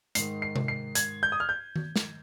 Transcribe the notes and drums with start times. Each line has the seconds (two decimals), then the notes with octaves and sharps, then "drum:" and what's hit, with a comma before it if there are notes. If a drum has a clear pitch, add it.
0.15 G#2 D#3 C7, drum: hi-hat
0.42 C7
0.56 drum: tom C3
0.68 C7
0.95 G#6, drum: hi-hat
1.23 G6
1.32 D#6
1.40 F6
1.49 G6
1.76 drum: tom D#3
1.96 drum: snare